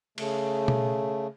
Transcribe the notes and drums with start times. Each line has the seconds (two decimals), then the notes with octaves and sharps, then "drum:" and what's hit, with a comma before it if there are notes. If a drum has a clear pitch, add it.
0.18 C#3 A3, drum: cymbal
0.68 drum: tom B2